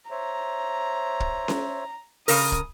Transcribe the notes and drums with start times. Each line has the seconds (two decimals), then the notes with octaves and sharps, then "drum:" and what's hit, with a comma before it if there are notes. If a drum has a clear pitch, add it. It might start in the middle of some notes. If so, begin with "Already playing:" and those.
0.11 C5 C#5 E5 A#5
1.20 drum: kick
1.48 drum: snare C#4
2.28 C#3 A#4 D#6, drum: open hi-hat
2.52 drum: kick